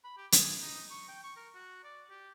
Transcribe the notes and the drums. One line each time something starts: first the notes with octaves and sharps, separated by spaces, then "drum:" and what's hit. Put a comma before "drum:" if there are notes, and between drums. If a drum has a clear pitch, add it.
B5
G4
G#4, drum: hi-hat
D#4
C#6
G5
C#6
A#4
F#4
D5
G4